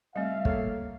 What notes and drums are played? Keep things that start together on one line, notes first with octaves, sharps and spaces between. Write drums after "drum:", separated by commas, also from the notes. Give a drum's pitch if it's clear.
F#1 G3 A3 C4 E5 F5
A#3 A4 C#5, drum: kick